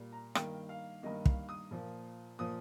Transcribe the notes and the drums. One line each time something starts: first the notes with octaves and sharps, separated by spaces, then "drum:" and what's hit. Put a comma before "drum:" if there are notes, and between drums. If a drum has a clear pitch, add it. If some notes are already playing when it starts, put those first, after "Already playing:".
Already playing: A#2 G3 A#3
A#5
G2 D#3 A#3 G5, drum: rim click
F5
G2 D#3 A#3 D#5
F5, drum: kick
D#6
A#2 F3 A#3
A#2 F3 A#3 D#6